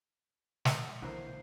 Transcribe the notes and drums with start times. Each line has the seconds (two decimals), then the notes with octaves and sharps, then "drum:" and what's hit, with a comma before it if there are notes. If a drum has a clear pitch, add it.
0.65 G#3, drum: snare
1.02 B1 D3 E3 A#3 A#4 C5